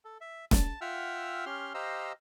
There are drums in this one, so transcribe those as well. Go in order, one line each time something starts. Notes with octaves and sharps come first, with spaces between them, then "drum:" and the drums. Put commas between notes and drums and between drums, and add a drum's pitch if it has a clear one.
A4
E5
A5, drum: snare
F4 E5 F#5 G5 E6 F6
C#4 G4 C6 F6
G4 C5 D#5 F5 A#5 E6